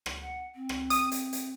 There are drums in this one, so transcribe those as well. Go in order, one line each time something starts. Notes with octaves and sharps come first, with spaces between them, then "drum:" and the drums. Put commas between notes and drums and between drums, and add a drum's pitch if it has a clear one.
drum: rim click
F#5
C4
drum: rim click
D#6, drum: hi-hat
drum: hi-hat
drum: hi-hat